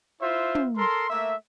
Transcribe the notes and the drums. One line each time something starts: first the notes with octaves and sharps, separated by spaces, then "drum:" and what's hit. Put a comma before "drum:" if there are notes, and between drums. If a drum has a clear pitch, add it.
E4 F4 C5 E5
drum: tom
A4 A#4 C6
A3 A#3 E5